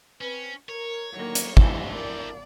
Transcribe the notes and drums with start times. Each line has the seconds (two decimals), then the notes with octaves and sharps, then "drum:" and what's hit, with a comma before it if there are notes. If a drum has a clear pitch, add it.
0.21 C4 C#4 B4
0.69 A#4 C#5
1.13 A2 D3 D#3 F#3 A#3
1.35 drum: hi-hat
1.57 G2 E3 G#3 E4 A4 C5, drum: kick
1.93 D4 E4 A#4 D5